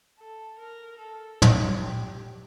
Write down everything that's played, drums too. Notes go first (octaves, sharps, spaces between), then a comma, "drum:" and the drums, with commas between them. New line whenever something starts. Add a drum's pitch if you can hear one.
A4
A#4
A4
drum: tom
G4